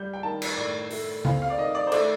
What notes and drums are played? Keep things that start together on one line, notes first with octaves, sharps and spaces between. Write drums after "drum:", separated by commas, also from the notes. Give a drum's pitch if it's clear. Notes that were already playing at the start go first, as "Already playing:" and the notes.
Already playing: G3 G6
G5
D#3 A5
drum: cymbal
A2 D5
A3, drum: open hi-hat
C4 F5, drum: tom C#3
F5
D5
D#3 D#5
D5
C5
A3 D5, drum: cymbal